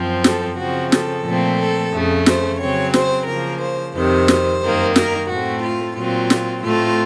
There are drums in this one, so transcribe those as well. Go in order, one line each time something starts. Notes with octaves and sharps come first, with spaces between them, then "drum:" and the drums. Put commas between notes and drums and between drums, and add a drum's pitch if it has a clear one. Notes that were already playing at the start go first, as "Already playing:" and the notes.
Already playing: F#2 F3 C4
A4, drum: snare
C#3 F3 C4 F#4
A4, drum: snare
A#2 F3 A3 C4
A4
F2 C#3 A3
C5, drum: snare
C#3 F#3 C4 C#5
C5, drum: snare
C#3 F3 A#3 A#4
C5
F2 C3 D#3 C5
drum: snare
F#2 D#3 A#3
A#4, drum: snare
A2 A3 C4 F#4
F4
A#2 F#3 C4 F4
drum: snare
A2 A3 C4 F4